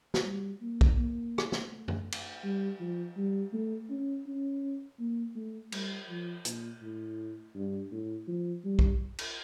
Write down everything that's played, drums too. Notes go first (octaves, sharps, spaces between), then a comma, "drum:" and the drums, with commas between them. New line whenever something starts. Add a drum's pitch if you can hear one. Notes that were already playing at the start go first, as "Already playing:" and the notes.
drum: snare
G3
A#3
drum: kick
A#3
drum: rim click
drum: snare
A3
drum: tom F#2
drum: cymbal
G3
F3
G3
A3
C#4
C#4
A#3
A3
G3, drum: cymbal
F3
A#2, drum: hi-hat
A2
G2
A2
F3
G3
drum: kick
drum: cymbal